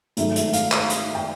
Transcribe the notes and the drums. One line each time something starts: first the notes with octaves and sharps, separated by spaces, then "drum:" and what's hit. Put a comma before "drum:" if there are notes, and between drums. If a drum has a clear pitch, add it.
G#2 D#3 F#3 A3 E5, drum: hi-hat
E5, drum: hi-hat
F5, drum: hi-hat
drum: clap
drum: hi-hat
G5